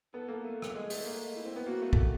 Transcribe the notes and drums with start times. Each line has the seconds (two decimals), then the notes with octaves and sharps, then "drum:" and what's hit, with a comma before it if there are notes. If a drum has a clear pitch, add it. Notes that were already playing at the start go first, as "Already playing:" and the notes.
0.14 B3 A4
0.28 A#3
0.44 A3
0.62 drum: rim click
0.75 G#3 G#4
0.90 A3, drum: open hi-hat
1.06 A#3
1.36 E4
1.45 C4
1.56 B3
1.66 A#3 F#4
1.82 A3
1.93 drum: kick